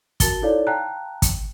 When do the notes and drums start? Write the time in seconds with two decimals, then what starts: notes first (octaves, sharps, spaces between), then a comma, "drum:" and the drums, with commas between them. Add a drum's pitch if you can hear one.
0.20 F#4 A#4 A5 A6 G7, drum: kick, hi-hat
0.42 D#4 E4 A4 C#5 D5 F5
0.67 F5 G5 A5 A#5 F#6
1.22 drum: kick, hi-hat